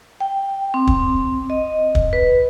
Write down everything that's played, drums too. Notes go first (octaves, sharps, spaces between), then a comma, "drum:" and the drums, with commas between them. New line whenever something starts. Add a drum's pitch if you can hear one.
G5
C4
drum: kick
D#5
drum: kick
B4